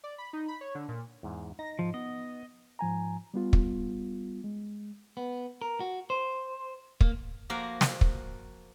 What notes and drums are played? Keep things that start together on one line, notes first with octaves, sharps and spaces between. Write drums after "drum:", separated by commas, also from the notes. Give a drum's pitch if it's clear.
D5
B5
D#4
B5
C#5
D3
A#2
E2 G#2
D#4 A#6
G#2 F3
B3 D#5
G#2 F3 G#5 A#5
G3 B3 F4
drum: kick
G#3
B3
A#4
F#4
C5
A#3, drum: kick
F3 A#3 F#4 A#4 C5
drum: snare
drum: kick